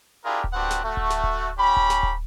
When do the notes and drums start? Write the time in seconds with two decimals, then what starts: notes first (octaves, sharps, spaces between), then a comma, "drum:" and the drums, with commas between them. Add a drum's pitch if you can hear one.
0.23 D4 E4 F4 G4 G#4 A#4
0.44 drum: kick D1
0.53 B3 C4 D4 F#4 G4 F#5
0.70 drum: snare
0.84 A3 F#4
0.97 drum: kick D1
1.10 drum: snare
1.24 drum: kick D1
1.58 C#4 G4 A#5 B5
1.77 drum: kick D1
1.90 drum: snare
2.03 drum: kick D1